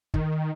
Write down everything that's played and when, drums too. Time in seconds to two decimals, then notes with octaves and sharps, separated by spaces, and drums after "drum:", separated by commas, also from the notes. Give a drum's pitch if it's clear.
0.14 D#3, drum: kick